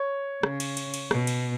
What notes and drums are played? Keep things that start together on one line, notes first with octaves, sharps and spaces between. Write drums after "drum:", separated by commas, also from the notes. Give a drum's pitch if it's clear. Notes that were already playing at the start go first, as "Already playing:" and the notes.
Already playing: C#5
C#3, drum: rim click
drum: cymbal
drum: cymbal
drum: cymbal
B2, drum: rim click
drum: cymbal